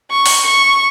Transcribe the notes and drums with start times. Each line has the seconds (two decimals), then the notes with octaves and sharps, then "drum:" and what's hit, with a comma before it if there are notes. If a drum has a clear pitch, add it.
0.11 C#6
0.26 drum: open hi-hat
0.45 C#6